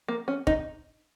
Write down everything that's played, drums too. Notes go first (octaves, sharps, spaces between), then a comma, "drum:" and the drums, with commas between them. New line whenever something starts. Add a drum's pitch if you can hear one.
A#3
C#4
D#4, drum: kick F1